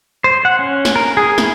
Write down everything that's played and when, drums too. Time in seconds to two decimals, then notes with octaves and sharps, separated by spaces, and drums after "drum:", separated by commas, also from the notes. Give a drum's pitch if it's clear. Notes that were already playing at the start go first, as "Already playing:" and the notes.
0.24 C5
0.45 F#5
0.59 C#4
0.85 drum: snare
0.96 A#4
1.17 G#4
1.38 E4, drum: snare